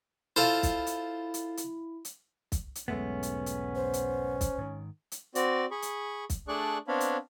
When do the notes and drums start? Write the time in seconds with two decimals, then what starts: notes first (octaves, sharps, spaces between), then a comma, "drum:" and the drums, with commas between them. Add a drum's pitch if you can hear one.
0.36 E4 F4 A4 C5
0.63 drum: kick, hi-hat
0.87 drum: hi-hat
1.34 drum: hi-hat
1.57 drum: hi-hat
2.05 drum: hi-hat
2.52 drum: kick, hi-hat
2.75 drum: hi-hat
2.88 B1 E2 G#2 G#3 A3 B3 C#4
3.23 drum: hi-hat
3.46 drum: hi-hat
3.75 C5
3.93 drum: hi-hat
4.41 drum: kick, hi-hat
4.58 G#2 D#3
5.12 drum: hi-hat
5.35 C4 F#4 D5, drum: hi-hat
5.71 G#4 B5 C#6
5.82 drum: hi-hat
6.30 drum: kick, hi-hat
6.48 A3 D4 G#4 D5 C#6 F#6
6.88 B3 C4 D4 C#5 F5 B5
7.00 drum: hi-hat